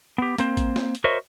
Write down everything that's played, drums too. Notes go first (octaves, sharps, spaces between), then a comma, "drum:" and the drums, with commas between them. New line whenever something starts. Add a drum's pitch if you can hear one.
B3 G4
A#3 C4 C5, drum: hi-hat
drum: kick A1, hi-hat
drum: snare
drum: hi-hat
F#4 A#4 C5 C#5 D#5 E5